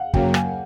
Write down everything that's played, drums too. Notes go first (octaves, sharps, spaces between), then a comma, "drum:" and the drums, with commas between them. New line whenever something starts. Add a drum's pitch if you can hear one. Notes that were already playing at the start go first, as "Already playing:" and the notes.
Already playing: F5 F#5
F#2 C#3 F#3 A#3 G5, drum: kick
G#5, drum: rim click